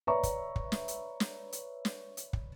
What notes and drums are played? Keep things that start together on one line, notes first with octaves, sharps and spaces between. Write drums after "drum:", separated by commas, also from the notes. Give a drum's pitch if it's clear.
B4 C#5 D5 E5 A#5 C#6
drum: kick, hi-hat
drum: kick
drum: snare
drum: hi-hat
drum: snare
drum: hi-hat
drum: snare
drum: hi-hat
drum: kick